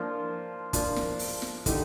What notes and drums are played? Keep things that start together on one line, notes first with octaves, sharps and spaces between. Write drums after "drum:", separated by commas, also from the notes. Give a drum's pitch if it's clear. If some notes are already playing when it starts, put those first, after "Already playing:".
Already playing: F3 A#3 D4 F4
F3 A#3 D4 F4, drum: kick, hi-hat
drum: snare
drum: open hi-hat
drum: snare
D3 A3 D#4 G4, drum: kick, hi-hat